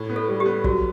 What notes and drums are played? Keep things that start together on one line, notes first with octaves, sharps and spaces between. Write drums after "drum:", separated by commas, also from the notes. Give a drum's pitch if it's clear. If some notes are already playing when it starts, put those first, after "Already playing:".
Already playing: A2
B3
A4
G3
G4
B3
F#3 F#4, drum: kick